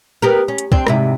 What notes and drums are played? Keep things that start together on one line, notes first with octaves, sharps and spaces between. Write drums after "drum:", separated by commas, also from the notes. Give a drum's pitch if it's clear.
B3 G4 A#4
C#4
drum: hi-hat
C4 D4, drum: kick
G#2 C3 E4, drum: rim click